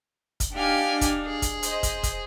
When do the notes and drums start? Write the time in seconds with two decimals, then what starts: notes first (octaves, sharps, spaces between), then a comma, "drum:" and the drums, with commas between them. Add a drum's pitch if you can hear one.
0.40 drum: kick, hi-hat
0.54 D4 D#4 G4 F5 G#5
1.01 drum: kick, hi-hat
1.26 G#4
1.42 drum: kick, hi-hat
1.63 C5 D#5, drum: hi-hat
1.83 drum: kick, hi-hat
2.03 drum: kick, hi-hat